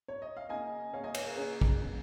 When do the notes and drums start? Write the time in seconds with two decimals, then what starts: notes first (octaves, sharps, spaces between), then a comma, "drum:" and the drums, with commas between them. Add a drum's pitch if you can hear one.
0.08 C#5
0.22 D#5
0.37 F5
0.49 C#3 A#3 C#4 D#5 G#5
0.93 C#3 A#3 C#4 C#5 F5
1.04 D#5 G#5
1.15 C#5 F5, drum: cymbal
1.25 A#4 D#5
1.36 C#3 A#3 C#4 G#4 C#5
1.61 drum: kick
1.79 C#3 A#3 C#4